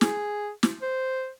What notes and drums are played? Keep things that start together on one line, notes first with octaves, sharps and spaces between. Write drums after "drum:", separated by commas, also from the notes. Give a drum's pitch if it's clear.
G#4, drum: snare
drum: snare
C5